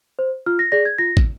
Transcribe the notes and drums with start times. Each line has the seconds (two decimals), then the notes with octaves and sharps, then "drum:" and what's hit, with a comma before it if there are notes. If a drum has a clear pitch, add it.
0.19 C5
0.46 F4 F6
0.59 A#6
0.72 G#4 D5 A#6
0.85 G#6
0.98 F4 A#6
1.17 drum: kick